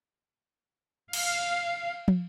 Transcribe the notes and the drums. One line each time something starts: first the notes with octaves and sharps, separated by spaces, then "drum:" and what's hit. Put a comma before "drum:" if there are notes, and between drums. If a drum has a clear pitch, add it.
F5, drum: cymbal
drum: tom